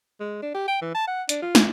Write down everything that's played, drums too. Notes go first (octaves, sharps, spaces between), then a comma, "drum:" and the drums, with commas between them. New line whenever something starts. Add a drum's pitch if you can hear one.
G#3
D4
G4
G5
E3
A5
F#5
D4, drum: hi-hat
F4
drum: snare